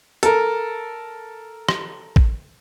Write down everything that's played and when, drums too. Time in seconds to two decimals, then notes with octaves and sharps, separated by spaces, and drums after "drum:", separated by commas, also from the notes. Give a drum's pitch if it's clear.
0.23 A4 A#4, drum: hi-hat
1.69 drum: rim click
2.16 drum: kick A1